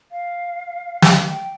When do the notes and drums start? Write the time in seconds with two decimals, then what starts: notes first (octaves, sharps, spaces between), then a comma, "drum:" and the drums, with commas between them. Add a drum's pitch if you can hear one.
0.11 F5
1.02 F5, drum: snare
1.25 G5